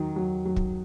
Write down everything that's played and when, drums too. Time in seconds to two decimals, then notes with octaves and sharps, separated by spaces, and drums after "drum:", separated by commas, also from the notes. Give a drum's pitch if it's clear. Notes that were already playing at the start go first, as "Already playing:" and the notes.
Already playing: D#3 F#3
0.16 F#3
0.45 F#3
0.56 drum: kick